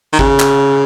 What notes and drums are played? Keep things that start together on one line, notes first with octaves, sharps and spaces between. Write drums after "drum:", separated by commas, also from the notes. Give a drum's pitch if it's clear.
D#3
C#3, drum: kick G#1
drum: clap